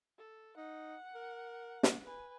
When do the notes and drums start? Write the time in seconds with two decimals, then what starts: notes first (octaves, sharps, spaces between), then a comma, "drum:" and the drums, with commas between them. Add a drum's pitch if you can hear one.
0.18 A4
0.57 D#4 F#5
1.15 A#4
1.83 drum: snare
2.03 B4 G#5